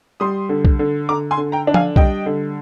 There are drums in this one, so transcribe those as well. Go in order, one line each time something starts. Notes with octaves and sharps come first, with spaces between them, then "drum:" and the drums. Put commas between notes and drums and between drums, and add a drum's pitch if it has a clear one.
G3 C6 D#6
D3
drum: kick
D3
D3 A#5 D6
G#5 C6
D3
G5 A#5
D4
F5 G#5, drum: tom
G3 D#5 G5, drum: kick
D3